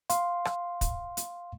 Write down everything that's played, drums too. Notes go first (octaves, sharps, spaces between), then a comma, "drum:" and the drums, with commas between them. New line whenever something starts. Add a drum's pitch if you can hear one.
F5 C6, drum: hi-hat
drum: rim click
drum: kick, hi-hat
drum: hi-hat